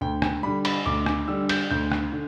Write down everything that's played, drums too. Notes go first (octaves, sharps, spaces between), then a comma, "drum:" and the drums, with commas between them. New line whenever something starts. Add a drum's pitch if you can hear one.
D2 G5
G5, drum: rim click
D3 G3 B5
B5, drum: cymbal
D2 D6
D6, drum: rim click
D3 G3 E6
G6, drum: cymbal
D2 G6
drum: rim click
D3